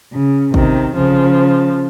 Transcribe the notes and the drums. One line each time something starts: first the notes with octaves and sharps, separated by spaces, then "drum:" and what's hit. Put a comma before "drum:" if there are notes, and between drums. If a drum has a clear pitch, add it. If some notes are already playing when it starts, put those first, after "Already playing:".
C#3
C3 D#3, drum: kick
C#3 F3